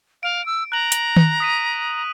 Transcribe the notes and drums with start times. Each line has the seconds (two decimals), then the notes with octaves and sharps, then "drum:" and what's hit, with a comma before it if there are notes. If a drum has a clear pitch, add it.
0.23 F5 D7
0.46 E6
0.72 A#5 F#6 F#7
0.92 drum: hi-hat
1.17 drum: tom D#3
1.40 D#6 B6 D#7